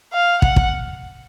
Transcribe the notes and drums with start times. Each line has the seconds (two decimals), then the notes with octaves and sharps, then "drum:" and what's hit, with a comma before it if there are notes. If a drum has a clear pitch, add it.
0.13 F5
0.42 F#5, drum: kick
0.56 drum: kick